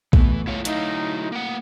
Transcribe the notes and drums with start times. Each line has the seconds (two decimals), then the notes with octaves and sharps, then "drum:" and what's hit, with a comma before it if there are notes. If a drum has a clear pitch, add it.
0.13 B2 E3 A3 B3, drum: kick A#1
0.47 E4 F4 C#5
0.65 F#3 D#4 E4 F5, drum: hi-hat
1.32 A#3 F#5